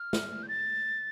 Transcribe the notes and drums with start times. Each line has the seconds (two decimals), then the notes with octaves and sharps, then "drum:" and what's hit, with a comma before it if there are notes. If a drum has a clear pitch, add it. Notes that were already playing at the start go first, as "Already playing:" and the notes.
Already playing: F6
0.13 drum: snare
0.43 G6
0.48 A6